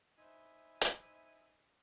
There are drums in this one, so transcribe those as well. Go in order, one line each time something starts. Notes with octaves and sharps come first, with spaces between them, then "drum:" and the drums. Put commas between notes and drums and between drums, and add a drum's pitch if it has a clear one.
D#4 E4 B4 C5 E5 G#5
drum: hi-hat